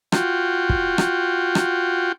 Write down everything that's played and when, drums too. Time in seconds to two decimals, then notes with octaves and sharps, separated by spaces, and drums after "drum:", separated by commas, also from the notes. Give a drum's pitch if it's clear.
0.12 F4 F#4 G5, drum: rim click
0.69 drum: kick
0.98 drum: rim click
1.55 drum: rim click